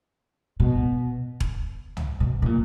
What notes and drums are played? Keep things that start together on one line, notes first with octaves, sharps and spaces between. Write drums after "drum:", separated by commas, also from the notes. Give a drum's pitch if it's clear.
B2
drum: kick E1
drum: tom
B2
B2
A#2